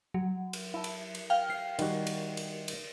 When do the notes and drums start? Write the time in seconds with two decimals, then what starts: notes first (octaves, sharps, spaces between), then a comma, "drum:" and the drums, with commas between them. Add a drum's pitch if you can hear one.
0.14 F#3
0.53 drum: cymbal
0.74 E4 A5
0.84 drum: cymbal
1.15 drum: cymbal
1.30 F5 G5 F6
1.50 C7
1.79 D#3 G3 F#4, drum: cymbal
2.07 drum: cymbal
2.37 drum: cymbal
2.68 drum: cymbal